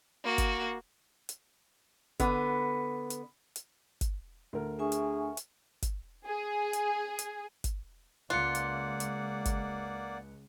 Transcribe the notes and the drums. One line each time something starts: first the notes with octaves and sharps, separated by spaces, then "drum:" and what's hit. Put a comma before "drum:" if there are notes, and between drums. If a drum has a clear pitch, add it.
A#3 F#4
drum: kick G1, hi-hat
drum: hi-hat
D3 B3, drum: kick G1, hi-hat
drum: hi-hat
drum: hi-hat
drum: kick G1, hi-hat
D2 A#4
D4 G#4 E5 G#5 C#6
drum: hi-hat
drum: hi-hat
drum: kick G1, hi-hat
G#4
drum: hi-hat
drum: hi-hat
drum: kick G1, hi-hat
C#2 A#3 F4 D5 F#5 F#6 C#7
drum: hi-hat
drum: hi-hat
drum: kick G1, hi-hat